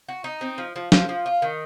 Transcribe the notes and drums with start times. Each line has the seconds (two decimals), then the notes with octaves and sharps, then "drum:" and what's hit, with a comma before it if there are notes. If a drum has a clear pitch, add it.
0.09 F#4
0.24 D#4
0.41 C4
0.58 F3
0.76 F3
0.92 F3, drum: snare
1.09 F3
1.26 F4
1.42 D#3